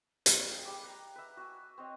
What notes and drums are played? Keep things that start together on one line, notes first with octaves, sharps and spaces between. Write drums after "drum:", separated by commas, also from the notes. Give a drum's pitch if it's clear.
drum: hi-hat
G#4 F5 G5
G3 D6
F#5 A#5
B4 E5
F#4 G#5
C4 C#5 D#5